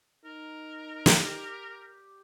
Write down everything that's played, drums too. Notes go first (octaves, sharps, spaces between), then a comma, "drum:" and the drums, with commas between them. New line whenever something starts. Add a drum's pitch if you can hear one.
D#4 A#4
G4 D6, drum: snare